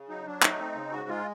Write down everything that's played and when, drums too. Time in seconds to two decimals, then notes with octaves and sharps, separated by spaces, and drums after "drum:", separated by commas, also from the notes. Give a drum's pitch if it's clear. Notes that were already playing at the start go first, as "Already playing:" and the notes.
Already playing: C#3
0.08 F#3 D#4
0.26 F#3 D4
0.42 A3 D#4, drum: clap
0.59 C4
0.76 C#3
0.92 G#2 F#4
1.09 G#3 F4